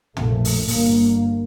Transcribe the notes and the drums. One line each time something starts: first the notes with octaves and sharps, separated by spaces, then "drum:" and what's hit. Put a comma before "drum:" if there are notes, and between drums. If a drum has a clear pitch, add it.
A#1 A#2 A3, drum: tom
drum: open hi-hat
G1 G2 A#3, drum: open hi-hat